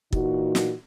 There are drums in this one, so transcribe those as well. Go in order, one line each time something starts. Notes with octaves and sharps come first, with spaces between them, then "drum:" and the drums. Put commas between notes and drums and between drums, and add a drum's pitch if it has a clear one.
A#2 E3 D#4 F#4, drum: kick
drum: snare